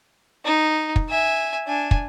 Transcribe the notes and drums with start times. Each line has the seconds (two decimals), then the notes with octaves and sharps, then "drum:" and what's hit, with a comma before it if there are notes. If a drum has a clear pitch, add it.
0.45 D#4
0.96 drum: kick
1.09 E5 G#5
1.67 D4 G#5
1.91 drum: kick